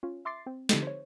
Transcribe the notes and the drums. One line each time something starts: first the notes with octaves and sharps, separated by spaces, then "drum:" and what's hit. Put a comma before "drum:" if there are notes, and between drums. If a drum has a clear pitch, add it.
C#4 F4
E5 C6 D6 A6 C7
C4
D3 F3 C4 D#4 G4 A4, drum: snare
C5 C#5